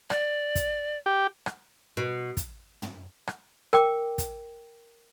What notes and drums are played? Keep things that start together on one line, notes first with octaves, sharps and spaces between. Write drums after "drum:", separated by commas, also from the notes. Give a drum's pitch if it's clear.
D5, drum: rim click
drum: kick, hi-hat
G4
drum: rim click
B2
drum: kick, hi-hat
drum: tom
drum: rim click
A#4 G5 D6, drum: rim click
drum: kick, hi-hat